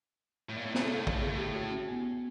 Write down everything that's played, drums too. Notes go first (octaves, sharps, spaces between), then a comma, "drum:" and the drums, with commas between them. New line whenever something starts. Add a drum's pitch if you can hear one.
A2
A#2
A2
A#2, drum: snare
A2 A4
A#2
A2
A#2, drum: kick
A2 G#4
A#2
A2 G4
F#4
C#4
B3